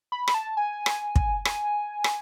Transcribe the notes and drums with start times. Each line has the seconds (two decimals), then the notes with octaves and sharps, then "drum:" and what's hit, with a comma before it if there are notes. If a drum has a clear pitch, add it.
0.12 B5
0.28 B5, drum: rim click
0.34 A5
0.57 G#5
0.86 drum: rim click
1.16 drum: kick
1.45 G#5, drum: rim click
2.04 drum: rim click